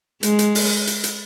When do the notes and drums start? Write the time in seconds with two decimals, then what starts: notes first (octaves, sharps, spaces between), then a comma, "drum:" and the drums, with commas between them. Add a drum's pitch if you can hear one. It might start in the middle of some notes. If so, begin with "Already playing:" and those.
0.23 G#3, drum: hi-hat
0.39 drum: hi-hat
0.55 drum: open hi-hat
0.87 drum: hi-hat
1.04 drum: hi-hat